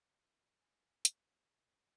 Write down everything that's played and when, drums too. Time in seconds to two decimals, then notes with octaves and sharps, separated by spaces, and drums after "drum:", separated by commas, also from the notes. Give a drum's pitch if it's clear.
0.60 G#5
1.05 drum: hi-hat